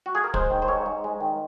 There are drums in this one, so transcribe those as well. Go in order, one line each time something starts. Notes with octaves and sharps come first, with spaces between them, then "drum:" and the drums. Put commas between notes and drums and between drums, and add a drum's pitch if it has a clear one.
F#4
G#4
A#4
G#3 C5, drum: kick
D#3
C5
G#2 C#5
G#2
G#3
D#3